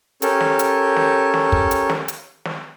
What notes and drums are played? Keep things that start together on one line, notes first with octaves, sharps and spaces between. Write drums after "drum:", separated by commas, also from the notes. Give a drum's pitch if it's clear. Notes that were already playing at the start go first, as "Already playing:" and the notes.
C#4 G4 A4 A#4, drum: hi-hat
drum: snare
drum: hi-hat
drum: snare
drum: snare
drum: kick
drum: hi-hat
drum: snare
drum: hi-hat
drum: snare